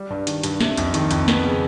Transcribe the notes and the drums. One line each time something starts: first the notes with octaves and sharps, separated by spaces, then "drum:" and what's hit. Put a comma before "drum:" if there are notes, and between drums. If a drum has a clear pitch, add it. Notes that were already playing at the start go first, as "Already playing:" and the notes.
Already playing: G3
G2
D#3, drum: hi-hat
G2, drum: hi-hat
C3, drum: snare
F2, drum: hi-hat
D#3, drum: hi-hat
F2, drum: hi-hat
B3, drum: snare
C#3